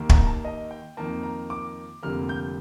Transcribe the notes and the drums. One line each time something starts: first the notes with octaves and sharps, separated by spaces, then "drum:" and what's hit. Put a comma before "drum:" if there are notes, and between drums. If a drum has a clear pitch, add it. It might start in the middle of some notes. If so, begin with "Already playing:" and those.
Already playing: D#2 D#3 A#3
A#5, drum: kick
A#5
A5
D#5
G5
F2 D#3 A#3 A5
A#5
D6
F1 F2 D3 G3 A#3 F6
G6